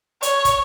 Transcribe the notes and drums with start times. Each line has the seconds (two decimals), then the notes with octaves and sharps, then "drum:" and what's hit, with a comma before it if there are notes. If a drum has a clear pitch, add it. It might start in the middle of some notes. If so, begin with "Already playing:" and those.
0.23 C#5, drum: hi-hat
0.45 drum: kick, hi-hat